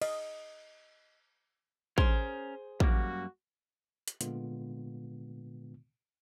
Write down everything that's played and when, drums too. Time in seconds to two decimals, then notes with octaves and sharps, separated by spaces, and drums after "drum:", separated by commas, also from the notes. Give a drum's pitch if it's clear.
0.02 D#5, drum: cymbal
1.98 C#4 G#4 A#4 C5, drum: kick
2.80 F#2 G3 A#3 F#4, drum: kick
4.08 drum: hi-hat
4.21 A#2 D3 G#3 B3 F4, drum: hi-hat